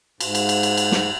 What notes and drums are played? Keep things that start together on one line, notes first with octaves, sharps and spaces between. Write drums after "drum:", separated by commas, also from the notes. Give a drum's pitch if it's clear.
G#2, drum: cymbal
drum: cymbal
drum: cymbal
drum: cymbal
drum: cymbal
drum: snare